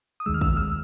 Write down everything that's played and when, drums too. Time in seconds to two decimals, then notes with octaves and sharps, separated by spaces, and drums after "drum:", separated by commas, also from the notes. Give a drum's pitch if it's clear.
0.20 D#6
0.26 D#2 D#3 G#3 E6
0.34 F6
0.41 E6, drum: kick
0.57 E6